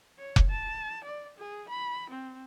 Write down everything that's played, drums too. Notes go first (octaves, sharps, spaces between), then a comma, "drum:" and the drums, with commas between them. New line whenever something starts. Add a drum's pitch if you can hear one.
C#5
drum: kick F1
A5
D5
G#4
B5
C4